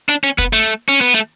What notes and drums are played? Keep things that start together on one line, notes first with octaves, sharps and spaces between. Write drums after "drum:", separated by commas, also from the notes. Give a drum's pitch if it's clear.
D4
C#4
B3, drum: kick
A3
C#4
B3
A3